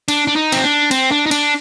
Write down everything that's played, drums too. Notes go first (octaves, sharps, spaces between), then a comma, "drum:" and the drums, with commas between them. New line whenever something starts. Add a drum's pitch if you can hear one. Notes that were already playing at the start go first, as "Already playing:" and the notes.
D4, drum: cymbal
D4
D#4
C4, drum: cymbal
D4
C4, drum: cymbal
D4
D#4
D4, drum: cymbal